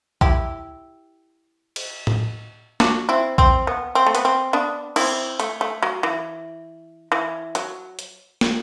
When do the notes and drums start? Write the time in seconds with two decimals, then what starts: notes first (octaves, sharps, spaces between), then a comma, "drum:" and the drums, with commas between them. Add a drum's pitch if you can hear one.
0.21 E4 G4, drum: kick B1
1.76 drum: cymbal
2.07 drum: tom A2
2.80 D4 F#4, drum: snare
3.09 C4 E4
3.38 C4, drum: kick B1
3.67 B3
3.95 C4
4.06 A3
4.15 B3, drum: hi-hat
4.25 C4
4.53 B3 D4
4.96 C4 E4, drum: cymbal
5.40 A3, drum: hi-hat
5.61 A3
5.83 F#3
6.03 E3
7.12 E3
7.55 F#3, drum: hi-hat
7.99 drum: hi-hat
8.41 drum: snare